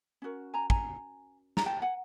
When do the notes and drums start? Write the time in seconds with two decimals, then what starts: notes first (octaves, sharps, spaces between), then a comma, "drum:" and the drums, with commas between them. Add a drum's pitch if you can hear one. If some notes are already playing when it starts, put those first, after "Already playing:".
0.22 C#4 F#4 A#4
0.54 G#5 A#5
0.70 G#5 A#5, drum: kick
1.57 A#5, drum: snare
1.66 G5 A5
1.82 F#5 G#5